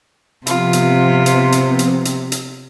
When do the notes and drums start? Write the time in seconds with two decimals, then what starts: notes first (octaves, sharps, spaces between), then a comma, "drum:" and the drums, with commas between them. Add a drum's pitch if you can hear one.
0.47 C3 F3 B3 C4 F4, drum: hi-hat
0.73 drum: hi-hat
1.26 drum: hi-hat
1.52 drum: hi-hat
1.79 drum: hi-hat
2.05 drum: hi-hat
2.32 drum: hi-hat